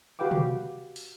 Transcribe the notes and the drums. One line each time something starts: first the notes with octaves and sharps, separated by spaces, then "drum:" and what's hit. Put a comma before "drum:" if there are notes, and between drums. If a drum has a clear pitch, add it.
F#4 G4 B4 F5 G5 D6
drum: tom B2
drum: open hi-hat